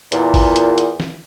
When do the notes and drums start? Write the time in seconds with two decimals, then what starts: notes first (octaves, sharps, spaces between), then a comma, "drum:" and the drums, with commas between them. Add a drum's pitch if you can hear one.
0.12 E2 A#2, drum: hi-hat
0.34 drum: kick G#1, open hi-hat
0.56 drum: hi-hat
0.78 drum: hi-hat
1.00 drum: snare